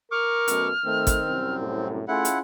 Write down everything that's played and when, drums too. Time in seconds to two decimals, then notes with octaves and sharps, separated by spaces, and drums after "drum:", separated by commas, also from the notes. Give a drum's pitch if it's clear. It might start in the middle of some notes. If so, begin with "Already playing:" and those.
0.11 A#4 C#6 D6 F6
0.48 F#2 B2 A3, drum: hi-hat
0.85 D#3 A3 C4
1.07 drum: kick G#1, hi-hat
1.27 C2 F#2
1.61 A2
2.08 A3 C#4 E4 F4 G#4 F#5
2.25 drum: hi-hat